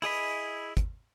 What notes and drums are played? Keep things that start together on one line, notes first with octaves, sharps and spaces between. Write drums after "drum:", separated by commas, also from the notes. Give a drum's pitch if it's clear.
E4 G#4 D#5 B5, drum: open hi-hat
drum: kick, hi-hat